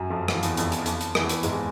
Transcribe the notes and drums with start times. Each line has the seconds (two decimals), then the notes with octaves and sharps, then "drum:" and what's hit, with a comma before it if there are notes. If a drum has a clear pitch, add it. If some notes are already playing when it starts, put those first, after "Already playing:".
Already playing: F#2 F#3
0.10 F2 F3
0.28 E3, drum: rim click
0.36 F3
0.43 E2 E3, drum: hi-hat
0.57 F2 F3, drum: hi-hat
0.72 drum: hi-hat
0.82 E3
0.86 F2 F3, drum: hi-hat
1.01 drum: hi-hat
1.15 E2 E3, drum: rim click
1.29 drum: hi-hat
1.43 G#2 G#3, drum: hi-hat